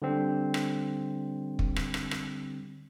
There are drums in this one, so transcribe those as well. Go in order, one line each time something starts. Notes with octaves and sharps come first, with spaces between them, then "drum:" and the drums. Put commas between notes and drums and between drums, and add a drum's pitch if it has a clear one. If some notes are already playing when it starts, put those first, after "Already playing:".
D3 G3 C4
drum: rim click
drum: kick
drum: rim click
drum: rim click
drum: rim click